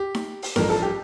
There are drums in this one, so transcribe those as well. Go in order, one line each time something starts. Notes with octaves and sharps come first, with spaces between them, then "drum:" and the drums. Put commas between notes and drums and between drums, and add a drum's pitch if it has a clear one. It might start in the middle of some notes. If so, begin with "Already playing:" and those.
Already playing: G4
drum: snare D#4
drum: open hi-hat
A1 G2 F3 A3 A#4, drum: snare D#4
A4
G4